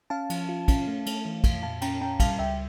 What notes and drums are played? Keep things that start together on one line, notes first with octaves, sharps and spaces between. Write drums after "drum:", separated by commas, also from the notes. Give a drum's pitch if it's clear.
C#4 F5 A5
F3, drum: cymbal
F4
C#4, drum: kick, cymbal
A3
A3, drum: cymbal
E3
F2, drum: kick, cymbal
A#2 F5 A5
C#4 G5 A#5, drum: cymbal
C#4 G5 A#5
G3 F5 A5, drum: kick, cymbal
C#2 E5 G5